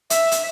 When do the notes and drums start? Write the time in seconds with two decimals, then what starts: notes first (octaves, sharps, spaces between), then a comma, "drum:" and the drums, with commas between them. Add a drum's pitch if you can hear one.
0.10 E5, drum: hi-hat
0.32 drum: hi-hat